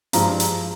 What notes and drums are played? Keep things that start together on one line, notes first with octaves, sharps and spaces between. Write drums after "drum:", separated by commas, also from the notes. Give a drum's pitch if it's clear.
G2 F3 G#3 A#5, drum: hi-hat
drum: hi-hat